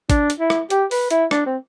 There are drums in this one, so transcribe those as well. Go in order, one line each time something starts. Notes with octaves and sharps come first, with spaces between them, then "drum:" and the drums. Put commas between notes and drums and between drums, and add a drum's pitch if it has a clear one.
D4, drum: kick, hi-hat
drum: hi-hat
E4
drum: rim click
G4, drum: hi-hat
B4, drum: open hi-hat
E4, drum: hi-hat
D4, drum: rim click
C4